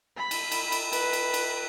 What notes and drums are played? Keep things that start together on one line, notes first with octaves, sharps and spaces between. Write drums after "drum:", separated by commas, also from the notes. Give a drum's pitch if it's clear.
B5
drum: cymbal
drum: cymbal
drum: cymbal
B4, drum: cymbal
drum: cymbal
drum: cymbal